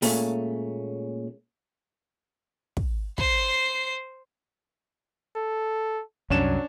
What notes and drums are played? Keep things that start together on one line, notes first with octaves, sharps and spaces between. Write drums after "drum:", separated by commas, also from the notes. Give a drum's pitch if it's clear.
A#2 G#3 A3 C#4, drum: open hi-hat
drum: kick
C5 C7, drum: kick
A4
C2 F#2 F#3 C#4 D4 E7